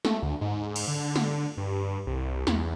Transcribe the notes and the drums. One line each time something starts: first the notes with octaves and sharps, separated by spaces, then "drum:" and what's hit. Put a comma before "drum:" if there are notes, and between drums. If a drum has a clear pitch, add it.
A3, drum: snare
D2
G#2
drum: cymbal
D3
drum: snare
G2
C2
E2, drum: snare